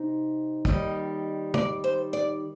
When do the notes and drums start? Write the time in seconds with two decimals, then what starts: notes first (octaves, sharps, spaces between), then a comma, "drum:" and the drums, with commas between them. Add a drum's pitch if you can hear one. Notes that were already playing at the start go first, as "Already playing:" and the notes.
Already playing: C3 D#4
0.65 D#2 D#3 G3 D#5, drum: kick
1.54 D5, drum: tom
1.84 C5
2.13 D5